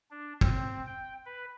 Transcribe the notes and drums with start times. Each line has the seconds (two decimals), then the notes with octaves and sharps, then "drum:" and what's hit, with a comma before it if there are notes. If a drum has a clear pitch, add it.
0.11 D4
0.41 C4, drum: kick
0.87 G5
1.26 B4